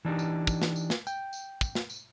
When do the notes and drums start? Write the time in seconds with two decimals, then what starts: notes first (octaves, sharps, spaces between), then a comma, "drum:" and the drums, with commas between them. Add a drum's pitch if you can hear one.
0.05 E3 D4 D#4 G4
0.19 drum: tambourine
0.47 drum: kick, tambourine
0.62 drum: snare
0.76 drum: tambourine
0.90 drum: snare
1.07 G5, drum: tambourine
1.33 drum: tambourine
1.61 drum: kick, tambourine
1.75 drum: snare
1.90 drum: tambourine